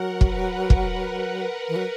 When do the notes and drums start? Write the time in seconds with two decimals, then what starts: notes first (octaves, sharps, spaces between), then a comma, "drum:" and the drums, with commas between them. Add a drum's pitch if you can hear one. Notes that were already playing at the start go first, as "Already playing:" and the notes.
Already playing: F#3 A#4 F#5
0.21 B4, drum: kick
0.70 drum: kick
1.68 E3
1.76 F#3